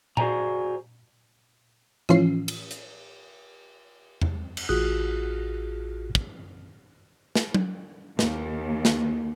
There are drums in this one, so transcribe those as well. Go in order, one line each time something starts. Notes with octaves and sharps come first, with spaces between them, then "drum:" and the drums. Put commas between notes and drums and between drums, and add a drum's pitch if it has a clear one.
F#4 G#4 C5 D5 G#5 A#5, drum: tom A#2
A2 E3 F3 C#4 F4 C7, drum: rim click
drum: cymbal
drum: hi-hat
drum: tom E2
drum: cymbal
A1 F4 F#4 G#4 D#6 F#6
drum: kick
drum: snare
drum: tom F#3
D#2, drum: snare
drum: snare